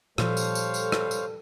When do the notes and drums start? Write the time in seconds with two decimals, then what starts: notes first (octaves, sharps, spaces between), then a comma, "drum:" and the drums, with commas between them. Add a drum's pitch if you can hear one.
0.18 A#2 F3 G3 A4 C5 C#5 F5, drum: rim click
0.37 drum: tambourine
0.55 drum: tambourine
0.74 drum: tambourine
0.92 drum: rim click
1.11 drum: tambourine